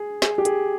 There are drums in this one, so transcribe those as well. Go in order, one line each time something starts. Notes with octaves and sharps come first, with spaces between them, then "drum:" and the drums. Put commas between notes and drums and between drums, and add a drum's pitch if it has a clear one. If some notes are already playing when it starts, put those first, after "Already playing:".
Already playing: G#4
G#4, drum: snare
G4
G#4, drum: hi-hat